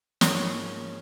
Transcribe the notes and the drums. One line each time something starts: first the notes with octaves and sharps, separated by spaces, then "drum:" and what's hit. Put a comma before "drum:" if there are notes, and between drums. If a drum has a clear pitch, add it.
G#2 F3 A#3 C#4, drum: snare